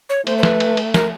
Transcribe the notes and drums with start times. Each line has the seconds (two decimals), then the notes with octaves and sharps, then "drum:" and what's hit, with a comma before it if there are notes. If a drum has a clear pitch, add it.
0.09 C#5
0.27 A3 C5, drum: cymbal
0.38 C5
0.43 B4, drum: snare
0.60 drum: cymbal
0.77 drum: cymbal
0.94 A#4, drum: snare